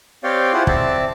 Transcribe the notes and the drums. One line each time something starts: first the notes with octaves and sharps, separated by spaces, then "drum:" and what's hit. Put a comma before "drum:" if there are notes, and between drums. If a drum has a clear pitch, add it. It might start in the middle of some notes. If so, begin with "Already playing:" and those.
C4 G4 C#5 D5 F5 G5
E4 F4 G4 G#4 C5 F#5
C4 D5 E5 A5, drum: kick